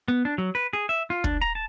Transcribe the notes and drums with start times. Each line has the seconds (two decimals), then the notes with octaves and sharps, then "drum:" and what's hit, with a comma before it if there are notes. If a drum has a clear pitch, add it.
0.08 B3
0.25 D4
0.38 F#3
0.55 B4
0.73 G#4
0.89 E5
1.10 F4
1.24 D4, drum: kick
1.42 A#5
1.55 A5